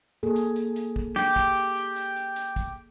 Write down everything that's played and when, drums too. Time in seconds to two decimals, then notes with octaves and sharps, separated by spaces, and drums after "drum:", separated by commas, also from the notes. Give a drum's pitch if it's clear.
0.23 A#3 G#4 A4
0.36 drum: hi-hat
0.56 drum: hi-hat
0.76 drum: hi-hat
0.96 drum: kick
1.16 G4, drum: snare
1.36 drum: kick, hi-hat
1.56 drum: hi-hat
1.76 drum: hi-hat
1.96 drum: hi-hat
2.16 drum: hi-hat
2.36 drum: hi-hat
2.56 drum: kick, hi-hat